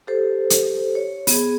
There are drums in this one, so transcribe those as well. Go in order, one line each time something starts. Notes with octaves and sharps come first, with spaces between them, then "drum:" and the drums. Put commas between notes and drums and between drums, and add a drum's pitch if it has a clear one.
G4 A4 C5
drum: hi-hat
C#5
B3 G#4, drum: open hi-hat